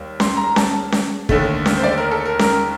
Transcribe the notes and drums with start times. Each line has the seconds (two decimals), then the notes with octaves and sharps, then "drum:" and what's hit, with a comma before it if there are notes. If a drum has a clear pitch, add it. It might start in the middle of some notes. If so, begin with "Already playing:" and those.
Already playing: D#2 G3
0.20 C6, drum: snare C#4
0.37 A#5
0.56 A5, drum: snare C#4
0.92 drum: snare C#4
1.29 D#2 D3 A3, drum: kick
1.66 drum: snare C#4
1.77 C5
1.84 D5
1.98 A#4
2.11 A4
2.25 A#4
2.39 A#4, drum: snare C#4